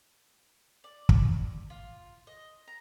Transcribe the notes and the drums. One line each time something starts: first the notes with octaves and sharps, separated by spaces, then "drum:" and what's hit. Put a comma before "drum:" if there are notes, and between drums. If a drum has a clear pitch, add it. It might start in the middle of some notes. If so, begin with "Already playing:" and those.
D5
drum: kick
F4
D#5
A#5